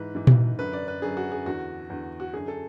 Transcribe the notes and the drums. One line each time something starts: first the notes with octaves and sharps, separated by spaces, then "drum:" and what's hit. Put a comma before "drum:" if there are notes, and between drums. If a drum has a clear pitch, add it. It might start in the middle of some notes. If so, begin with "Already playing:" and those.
Already playing: G#2 E3 B4
G#2 E3
drum: tom A#2
F#2 D3 B4
D5
B4
F#2 D3 G#4
F#4
G#4
E2 D3 F#4
E2 D3
F#4
F#2 D3 G#4
A4